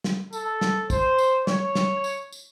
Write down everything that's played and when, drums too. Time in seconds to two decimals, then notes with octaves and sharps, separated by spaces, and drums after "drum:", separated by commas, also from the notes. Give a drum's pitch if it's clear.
0.04 drum: snare
0.33 A4, drum: tambourine
0.61 drum: snare
0.90 C5, drum: kick, tambourine
1.18 drum: tambourine
1.47 C#5, drum: snare
1.75 drum: snare
2.04 drum: tambourine
2.32 drum: tambourine